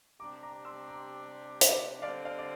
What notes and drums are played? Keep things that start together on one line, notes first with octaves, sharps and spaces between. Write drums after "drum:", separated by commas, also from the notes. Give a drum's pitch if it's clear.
C3 G3 D4 G4 A#5 D6
A#5 D6
C6 E6
A#5 D6
drum: hi-hat
D3 G3 C4 D5 F5
D5 F5
D5